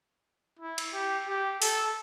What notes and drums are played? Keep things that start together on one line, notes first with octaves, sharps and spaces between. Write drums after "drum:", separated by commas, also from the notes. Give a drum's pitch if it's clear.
E4
drum: cymbal
G4
G4
A4, drum: open hi-hat